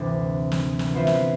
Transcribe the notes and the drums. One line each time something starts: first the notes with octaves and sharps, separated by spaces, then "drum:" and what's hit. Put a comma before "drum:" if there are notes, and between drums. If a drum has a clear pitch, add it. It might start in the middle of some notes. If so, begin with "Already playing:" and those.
Already playing: D2 G2 C3 E3
drum: snare
drum: snare
E3 B3 F4 C5 E5
drum: snare